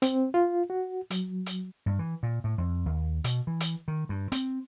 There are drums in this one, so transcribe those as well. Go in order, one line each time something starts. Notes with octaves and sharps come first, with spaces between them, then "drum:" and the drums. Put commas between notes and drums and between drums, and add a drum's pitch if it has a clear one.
C4, drum: hi-hat
F4
F#4
F#3, drum: hi-hat
drum: hi-hat
G2
E3
A#2
A2
F2
D#2
B2, drum: hi-hat
E3
drum: hi-hat
D#3
G2
C4, drum: hi-hat